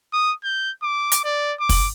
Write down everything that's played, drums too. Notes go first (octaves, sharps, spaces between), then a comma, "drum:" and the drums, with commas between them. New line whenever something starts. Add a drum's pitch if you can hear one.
D#6
G6
D6
drum: hi-hat
D5
D6
drum: kick, open hi-hat